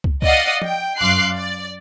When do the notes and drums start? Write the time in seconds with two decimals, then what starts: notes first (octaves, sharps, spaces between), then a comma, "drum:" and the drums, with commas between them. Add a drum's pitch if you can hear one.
0.04 drum: kick
0.22 D5 D#5 F5 F#5 D#6, drum: kick
0.62 G5, drum: tom
0.97 F#2 F5 C6 D6 F#6 C7
1.34 D5